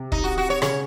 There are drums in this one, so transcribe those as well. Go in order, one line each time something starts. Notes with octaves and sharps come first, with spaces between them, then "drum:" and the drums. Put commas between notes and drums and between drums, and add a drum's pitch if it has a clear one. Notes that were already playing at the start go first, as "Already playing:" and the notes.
Already playing: C3
D#4, drum: kick
F#4
F#4
C#5
C#3 C#5, drum: rim click